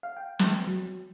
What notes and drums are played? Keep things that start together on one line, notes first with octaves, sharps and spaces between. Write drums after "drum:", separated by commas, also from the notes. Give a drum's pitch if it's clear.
F5
G5
drum: snare
F#3